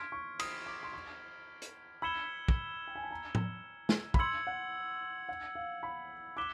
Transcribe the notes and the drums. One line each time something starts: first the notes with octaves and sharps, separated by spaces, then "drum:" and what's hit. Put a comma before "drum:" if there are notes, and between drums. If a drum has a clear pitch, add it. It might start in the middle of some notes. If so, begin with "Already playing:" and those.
Already playing: C6 F6 G#6 B6 D7
C#6
D#6, drum: cymbal
D6
C6
C#6
drum: hi-hat
B5 E6 G#6 C#7 E7 G7
drum: kick
G5
G#5
A5
A#5
drum: tom
drum: snare
B5, drum: kick
C6 E6 G#6 C#7 F#7
F#5
F#5
F5
B5
D6 F#6 B6 E7 G7